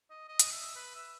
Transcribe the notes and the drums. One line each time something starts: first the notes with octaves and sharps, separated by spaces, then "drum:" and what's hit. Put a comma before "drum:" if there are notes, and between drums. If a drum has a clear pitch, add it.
D#5
D#5
drum: hi-hat
E5
B4
E5